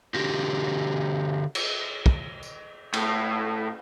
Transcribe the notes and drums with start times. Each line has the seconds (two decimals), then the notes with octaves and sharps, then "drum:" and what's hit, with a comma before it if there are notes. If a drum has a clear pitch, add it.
0.14 D3 F#4 G4
1.55 drum: cymbal
2.06 drum: kick
2.43 drum: tambourine
2.94 A2, drum: cymbal